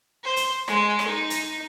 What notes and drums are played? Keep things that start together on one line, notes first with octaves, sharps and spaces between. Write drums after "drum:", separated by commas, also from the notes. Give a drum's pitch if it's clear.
C5
drum: hi-hat
G#3, drum: rim click
drum: rim click
D#4
drum: hi-hat